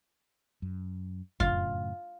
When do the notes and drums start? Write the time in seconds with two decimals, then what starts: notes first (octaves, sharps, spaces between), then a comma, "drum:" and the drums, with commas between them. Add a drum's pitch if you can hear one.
0.62 F#2
1.40 F#2 A2 C#3 F4, drum: kick F2